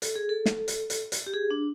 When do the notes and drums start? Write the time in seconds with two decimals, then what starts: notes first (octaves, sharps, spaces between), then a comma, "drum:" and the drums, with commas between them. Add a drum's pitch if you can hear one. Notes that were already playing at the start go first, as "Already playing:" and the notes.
0.02 A4, drum: hi-hat
0.16 G#4
0.29 A4
0.46 drum: snare
0.68 drum: hi-hat
0.90 drum: hi-hat
1.12 drum: hi-hat
1.26 G4
1.34 G#4
1.51 D4